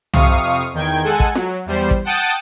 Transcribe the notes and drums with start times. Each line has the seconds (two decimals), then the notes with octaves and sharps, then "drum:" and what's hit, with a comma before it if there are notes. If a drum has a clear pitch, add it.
0.13 F2 C3 F5 C#6 D#6, drum: tom C2
0.73 E2 D#3 G5 G#6
1.04 G#3 A4 F#5 G#5
1.20 drum: kick A1
1.35 F#3, drum: snare
1.65 E2 G3 C5
1.91 drum: kick A1
2.05 F#5 G5 A5 D#6 A6